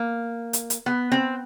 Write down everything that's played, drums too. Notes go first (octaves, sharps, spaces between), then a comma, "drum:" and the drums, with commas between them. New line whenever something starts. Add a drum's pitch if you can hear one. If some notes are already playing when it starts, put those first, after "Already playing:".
Already playing: A#3
drum: hi-hat
drum: hi-hat
B3
C4